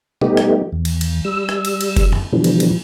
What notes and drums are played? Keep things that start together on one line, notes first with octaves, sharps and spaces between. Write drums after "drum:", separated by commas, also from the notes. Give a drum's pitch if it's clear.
G3 A3 B3 D#4 G4, drum: tom B2
drum: rim click
E2
drum: cymbal
drum: cymbal
G3 E6
drum: rim click
drum: cymbal
drum: cymbal
drum: kick F1, cymbal
drum: tom
B2 D3 E3 F3 G3
drum: cymbal
drum: cymbal